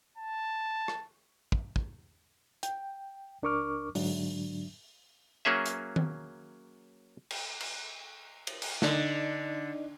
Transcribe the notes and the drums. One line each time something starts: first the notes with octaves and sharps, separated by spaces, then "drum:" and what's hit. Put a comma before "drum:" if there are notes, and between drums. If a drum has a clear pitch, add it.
A5
drum: rim click
drum: kick
drum: kick
G5, drum: hi-hat
C#2 D4 A#4 C#6 D6 F6
G#2 D3 F#3 D4, drum: open hi-hat
F#3 A#3 C#4 G#4 E5
drum: hi-hat
drum: tom D#3
drum: cymbal
drum: cymbal
drum: cymbal
drum: cymbal
D3 D#4 D5 D#5, drum: snare